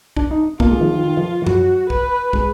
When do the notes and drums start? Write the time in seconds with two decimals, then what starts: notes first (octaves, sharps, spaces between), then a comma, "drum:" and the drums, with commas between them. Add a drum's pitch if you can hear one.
0.17 D4, drum: kick
0.31 D#4
0.60 A#3 F4, drum: kick
0.70 G#3
0.78 D#3
0.81 F3
0.92 D#3
1.03 D#3
1.17 F3
1.42 F3
1.47 F#3 F#4, drum: tom F#2
1.90 B4, drum: kick
2.33 G#3, drum: kick